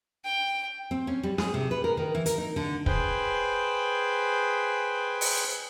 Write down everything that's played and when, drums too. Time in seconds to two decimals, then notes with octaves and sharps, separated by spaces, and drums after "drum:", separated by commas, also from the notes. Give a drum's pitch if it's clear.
0.25 G5
0.91 C4
1.07 C#4
1.23 G3
1.38 G#4, drum: snare
1.54 C3
1.71 B4
1.84 A#4
1.97 D#3
2.15 E3
2.26 A#4, drum: hi-hat
2.38 D#4
2.56 D3
2.86 G#4 B4 C5 G5, drum: kick
5.21 drum: open hi-hat